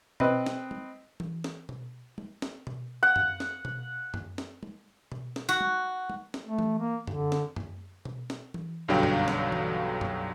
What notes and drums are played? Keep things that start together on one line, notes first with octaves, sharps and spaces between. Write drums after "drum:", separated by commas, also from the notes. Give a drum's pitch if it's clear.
C4 B4 D#5, drum: tom B2
drum: snare
drum: tom
drum: tom E3
drum: snare
drum: tom B2
drum: tom
drum: snare
drum: tom B2
F#5
drum: tom F#2
drum: snare
drum: tom B2
drum: tom F#2
drum: snare
drum: tom
drum: tom B2
drum: snare
F#4
drum: tom
drum: tom
drum: snare
A3
drum: tom E3
A#3
D3, drum: tom F#2
drum: snare
drum: tom F#2
drum: tom B2
drum: snare
drum: tom E3
B1 G2 D3 F#3 F5 G5
drum: tom F#2
drum: snare
drum: tom E3
drum: tom F#2